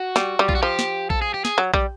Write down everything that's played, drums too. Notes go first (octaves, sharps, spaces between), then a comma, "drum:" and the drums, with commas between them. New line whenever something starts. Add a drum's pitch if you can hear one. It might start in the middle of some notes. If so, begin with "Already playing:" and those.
Already playing: F#4
G3, drum: snare
G3
F4, drum: kick A#1
F#4
F3 G4
drum: snare
A4, drum: kick A#1
G#4
G4
G#4, drum: snare
F#3
G3, drum: kick A#1